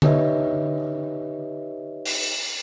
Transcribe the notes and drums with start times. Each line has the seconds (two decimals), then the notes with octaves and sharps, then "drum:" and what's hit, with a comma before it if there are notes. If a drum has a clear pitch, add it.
0.02 D#4 G4 B4 C#5 D#5 E5, drum: tom D3
2.05 drum: open hi-hat